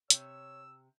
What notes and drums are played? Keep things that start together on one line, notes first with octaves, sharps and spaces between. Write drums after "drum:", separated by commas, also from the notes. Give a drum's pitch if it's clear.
C3 C#5 E6, drum: hi-hat